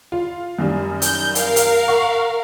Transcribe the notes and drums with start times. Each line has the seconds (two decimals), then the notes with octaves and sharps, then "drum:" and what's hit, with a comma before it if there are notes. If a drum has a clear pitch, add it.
0.12 F4
0.59 F#2 D#3 G3
1.02 G6, drum: hi-hat
1.35 A#4 F5, drum: hi-hat
1.56 drum: hi-hat
1.88 F#5 C#6